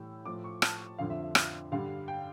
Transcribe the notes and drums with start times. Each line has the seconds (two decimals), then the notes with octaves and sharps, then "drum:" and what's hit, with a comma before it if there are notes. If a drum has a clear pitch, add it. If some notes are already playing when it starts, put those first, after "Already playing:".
Already playing: A2 E3 G3 E6
0.26 A2 F3 D6
0.44 C#6
0.62 A5, drum: rim click
0.98 F2 D3 F3 F5
1.10 E5
1.22 E5
1.35 drum: rim click
1.72 G2 D3 G3 F5
2.08 G5